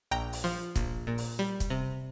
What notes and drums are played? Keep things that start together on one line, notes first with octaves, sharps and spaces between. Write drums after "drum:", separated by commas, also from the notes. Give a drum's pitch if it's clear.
A#1 G5 A#5
drum: open hi-hat
F3
A#1, drum: kick, hi-hat
A#2
drum: open hi-hat
G3
drum: kick, hi-hat
C3